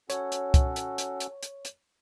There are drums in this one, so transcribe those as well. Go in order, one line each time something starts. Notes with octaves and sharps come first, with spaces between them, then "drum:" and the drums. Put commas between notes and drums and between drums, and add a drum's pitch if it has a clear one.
C#4 F#4 A4 C#5, drum: hi-hat
drum: hi-hat
drum: kick, hi-hat
drum: hi-hat
drum: hi-hat
drum: hi-hat
drum: hi-hat
drum: hi-hat